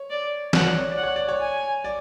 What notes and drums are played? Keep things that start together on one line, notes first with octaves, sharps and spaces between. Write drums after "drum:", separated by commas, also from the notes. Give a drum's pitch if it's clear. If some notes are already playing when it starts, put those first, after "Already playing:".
Already playing: C#5
D5
C#5 F#5, drum: snare
D5
C#5
D5
F#5
C#5
D5
C#5
G#5
D5